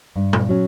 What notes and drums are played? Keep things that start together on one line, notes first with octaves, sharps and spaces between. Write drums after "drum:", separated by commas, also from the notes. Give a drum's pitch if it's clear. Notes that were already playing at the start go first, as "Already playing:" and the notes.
G2
drum: tom A#2
F#3 C#4